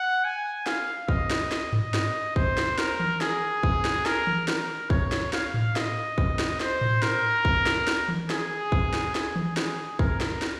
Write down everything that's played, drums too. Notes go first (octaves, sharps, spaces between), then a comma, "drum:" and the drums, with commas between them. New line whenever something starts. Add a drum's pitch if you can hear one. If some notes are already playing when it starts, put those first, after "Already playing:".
Already playing: F#5
G#5
F5, drum: snare
D#5, drum: kick
drum: snare
drum: snare
drum: tom G2
drum: snare
C5, drum: kick
drum: snare
A#4, drum: snare
drum: tom D#3
G#4, drum: snare
drum: kick
drum: snare
A#4, drum: snare
drum: tom D#3
A#4, drum: snare
C#5, drum: kick
drum: snare
F5, drum: snare
drum: tom A2
D#5, drum: snare
drum: kick
drum: snare
C5, drum: snare
drum: tom A2
A#4, drum: snare
drum: kick
drum: snare
drum: snare
drum: tom D#3
G#4, drum: snare
drum: kick
drum: snare
G#4, drum: snare
drum: tom D#3
G#4, drum: snare
A#4, drum: kick
drum: snare
drum: snare